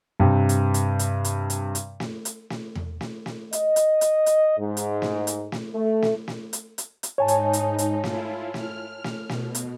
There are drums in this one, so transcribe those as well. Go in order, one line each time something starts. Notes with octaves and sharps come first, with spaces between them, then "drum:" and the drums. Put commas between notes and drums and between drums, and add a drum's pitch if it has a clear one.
G2 C3
drum: hi-hat
drum: hi-hat
drum: hi-hat
drum: hi-hat
drum: hi-hat
drum: hi-hat
drum: snare
drum: hi-hat
drum: snare
drum: tom E2
drum: snare
drum: snare
D#5, drum: hi-hat
drum: hi-hat
drum: hi-hat
drum: hi-hat
G#2
drum: hi-hat
drum: snare
drum: hi-hat
drum: snare
A3
drum: snare
drum: snare
drum: hi-hat
drum: hi-hat
drum: hi-hat
G#2 D#4 C#5 G#5 A5
drum: hi-hat
drum: hi-hat
drum: hi-hat
E4 F4, drum: snare
F6, drum: snare
drum: snare
B2, drum: snare
drum: hi-hat